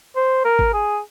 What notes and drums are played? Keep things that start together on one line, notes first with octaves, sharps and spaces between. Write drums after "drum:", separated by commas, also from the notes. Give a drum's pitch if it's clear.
C5
A#4
drum: kick G#1
G#4